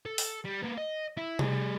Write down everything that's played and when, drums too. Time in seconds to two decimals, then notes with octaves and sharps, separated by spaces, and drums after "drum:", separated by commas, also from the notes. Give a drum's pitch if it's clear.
0.06 A4
0.18 drum: open hi-hat
0.45 G3
0.63 A#3 B3
0.78 D#5
1.17 E4
1.39 G3 G#4, drum: tom C3